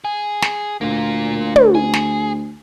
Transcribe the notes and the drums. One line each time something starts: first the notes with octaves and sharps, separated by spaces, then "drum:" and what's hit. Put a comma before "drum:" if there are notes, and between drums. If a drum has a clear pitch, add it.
G#4
drum: snare
D2 A#3 F4
drum: tom
G#4
drum: snare